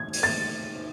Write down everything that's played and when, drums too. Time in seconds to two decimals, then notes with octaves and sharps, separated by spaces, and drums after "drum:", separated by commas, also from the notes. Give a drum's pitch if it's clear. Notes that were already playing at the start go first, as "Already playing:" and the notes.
Already playing: G#6
0.13 drum: open hi-hat
0.23 A6